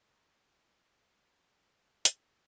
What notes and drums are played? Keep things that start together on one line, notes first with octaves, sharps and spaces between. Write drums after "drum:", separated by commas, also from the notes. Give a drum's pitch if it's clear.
A#5 C6 C#6
drum: hi-hat